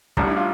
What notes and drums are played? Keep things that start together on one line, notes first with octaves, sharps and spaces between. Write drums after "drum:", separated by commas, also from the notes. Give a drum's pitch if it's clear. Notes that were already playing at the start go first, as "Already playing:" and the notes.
A1 A2 G3 D4, drum: kick
E4
F4